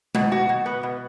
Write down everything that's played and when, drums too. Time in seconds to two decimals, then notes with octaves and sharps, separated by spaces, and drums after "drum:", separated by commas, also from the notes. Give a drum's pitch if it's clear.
0.15 B2, drum: tom G#3
0.32 F#4
0.49 B2
0.66 B3
0.83 B2